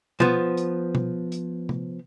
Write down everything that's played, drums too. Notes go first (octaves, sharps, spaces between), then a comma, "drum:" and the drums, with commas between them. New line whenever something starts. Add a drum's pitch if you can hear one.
F3 B3, drum: tom B2
drum: hi-hat
drum: tom B2
drum: hi-hat
drum: tom C3